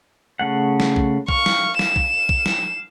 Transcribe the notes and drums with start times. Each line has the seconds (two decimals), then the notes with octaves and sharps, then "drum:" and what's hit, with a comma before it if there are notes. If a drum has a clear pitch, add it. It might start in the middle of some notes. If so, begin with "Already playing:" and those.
0.39 C#3 A3 F#5
0.80 drum: snare
0.96 drum: kick B1
1.28 F5 C#6, drum: kick B1
1.46 drum: snare
1.79 E7, drum: snare
1.96 drum: kick B1
2.29 drum: kick B1
2.46 drum: snare